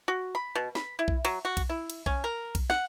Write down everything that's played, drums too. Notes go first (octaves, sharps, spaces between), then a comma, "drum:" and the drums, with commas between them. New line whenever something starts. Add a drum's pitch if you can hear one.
F#4
B5
B2
B5, drum: snare
E4
drum: kick B1
F#3, drum: cymbal
F#4
drum: kick B1, cymbal
E4
drum: cymbal
C#4, drum: kick B1
A#4
drum: kick B1, cymbal
F#5, drum: snare